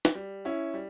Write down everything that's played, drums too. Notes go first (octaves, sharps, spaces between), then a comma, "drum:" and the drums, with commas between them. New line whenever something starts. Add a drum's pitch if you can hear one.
drum: snare
G3
C#4 E4
G3